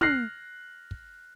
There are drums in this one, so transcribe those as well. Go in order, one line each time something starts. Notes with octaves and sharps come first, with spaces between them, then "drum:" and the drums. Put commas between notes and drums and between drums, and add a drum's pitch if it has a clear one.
F6 F#6 A#6 C7, drum: tom
drum: kick